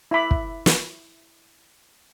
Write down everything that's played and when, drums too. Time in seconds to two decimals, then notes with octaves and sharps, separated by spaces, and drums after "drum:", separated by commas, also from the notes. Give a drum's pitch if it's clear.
0.11 E4 E5 B5 D6
0.31 drum: kick
0.66 drum: snare